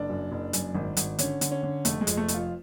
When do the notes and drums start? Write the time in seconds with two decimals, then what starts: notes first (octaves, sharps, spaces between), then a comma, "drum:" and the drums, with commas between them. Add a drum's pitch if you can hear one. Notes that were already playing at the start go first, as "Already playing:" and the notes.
Already playing: F#1 D4
0.10 F#2
0.31 F#1
0.53 F#2, drum: hi-hat
0.75 G#1
0.97 G#1, drum: hi-hat
1.19 D3 C#4, drum: hi-hat
1.41 D3, drum: hi-hat
1.51 C#4
1.63 D3
1.85 F1 A3, drum: hi-hat
2.01 G#3
2.07 F2, drum: hi-hat
2.17 A3
2.28 F1, drum: hi-hat
2.34 F4